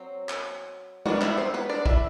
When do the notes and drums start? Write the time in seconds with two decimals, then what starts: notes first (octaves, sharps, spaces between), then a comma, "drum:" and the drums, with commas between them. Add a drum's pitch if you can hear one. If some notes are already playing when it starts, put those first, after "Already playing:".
Already playing: F#3 C4
0.29 drum: clap
1.06 G3 B3 D4 F#4 F#5, drum: tom G#3
1.22 E4 E5, drum: clap
1.38 C4 C5
1.54 B3 B4
1.69 D4 D5
1.86 E4 E5, drum: kick A#1